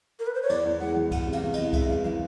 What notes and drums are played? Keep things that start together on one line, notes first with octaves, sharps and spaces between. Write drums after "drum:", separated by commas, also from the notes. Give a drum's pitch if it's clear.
A#4
B4
C5
C#5
E2 D5, drum: cymbal
E2
G#3 F#5
E3
G#3 F#5, drum: kick, cymbal
C3
F5, drum: cymbal
E2
D#5, drum: cymbal
E2
G#3 E5, drum: kick, cymbal
E3 F5
E3 F5